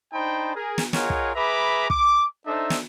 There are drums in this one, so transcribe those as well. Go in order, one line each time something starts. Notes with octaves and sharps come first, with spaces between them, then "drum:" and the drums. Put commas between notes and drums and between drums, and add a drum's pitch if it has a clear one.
D4 D#4 C5 G5 A5 B5
G#4 A#4
drum: snare
F4 G#4 A#4 C#5 D#5 F#5, drum: snare
drum: kick
G#4 B4 E5 A#5 B5 D6
D6, drum: kick
D4 D#4 A4 C5 E5
drum: snare